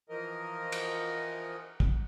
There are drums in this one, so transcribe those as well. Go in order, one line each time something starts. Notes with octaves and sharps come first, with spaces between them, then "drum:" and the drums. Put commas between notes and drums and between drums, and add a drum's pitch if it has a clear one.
E3 F3 A#4 D#5
drum: cymbal
drum: kick